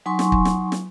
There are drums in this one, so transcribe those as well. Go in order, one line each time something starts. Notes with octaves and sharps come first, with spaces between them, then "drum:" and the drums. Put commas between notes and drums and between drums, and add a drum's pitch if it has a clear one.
F#3 D#4 G#5 C6 C#6
drum: snare
drum: kick
drum: snare
drum: snare